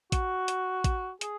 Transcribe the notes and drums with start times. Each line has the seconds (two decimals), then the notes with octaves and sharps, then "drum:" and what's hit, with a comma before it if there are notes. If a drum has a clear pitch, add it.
0.12 F#4, drum: kick A1, hi-hat
0.48 drum: hi-hat
0.84 drum: kick A1, hi-hat
1.21 G#4, drum: hi-hat